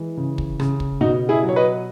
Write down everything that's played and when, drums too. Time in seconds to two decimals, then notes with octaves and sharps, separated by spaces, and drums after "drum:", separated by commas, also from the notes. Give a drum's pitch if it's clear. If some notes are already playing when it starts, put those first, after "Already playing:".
Already playing: E3 G#3
0.17 C#3
0.38 drum: kick
0.60 C#3, drum: rim click
0.80 drum: kick
1.01 B2 D#4 F#4
1.29 E4 G#4
1.43 F#3
1.49 C#5
1.56 B4 D#5